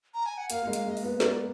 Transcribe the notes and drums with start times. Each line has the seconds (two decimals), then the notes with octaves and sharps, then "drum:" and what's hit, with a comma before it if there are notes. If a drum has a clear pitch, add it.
0.14 A#5
0.26 G#5
0.38 F#5
0.50 A#3 F5, drum: hi-hat
0.63 A#3
0.67 G#3
0.73 F5, drum: hi-hat
0.86 G#3 D#5
0.97 F5, drum: open hi-hat
1.03 B3
1.20 A#3 D5, drum: snare